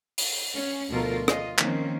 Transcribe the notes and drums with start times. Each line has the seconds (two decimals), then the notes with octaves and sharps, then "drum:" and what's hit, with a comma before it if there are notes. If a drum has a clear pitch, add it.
0.18 drum: open hi-hat
0.56 C#4
0.90 D2 B2 F3 F4 A4 A#4
1.28 F4 D#5, drum: rim click
1.59 D#3 F3 A#3 C4 C#4, drum: clap